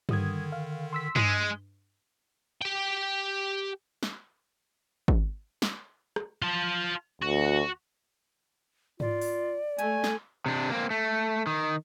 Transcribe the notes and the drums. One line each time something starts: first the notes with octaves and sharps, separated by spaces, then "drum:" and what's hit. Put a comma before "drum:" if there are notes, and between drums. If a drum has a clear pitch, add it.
D3 D#3 G3 D#6 G#6, drum: tom G2
F5
C6 E6 B6
G#3, drum: tom G2
G4 G5
drum: snare
drum: kick G#1
drum: snare
drum: rim click
F4 A5
D2 F#4
F4 D5, drum: tom G#2
drum: open hi-hat
A3 G#5, drum: hi-hat
drum: snare
C3 D4
A#3 C4
A3
D#3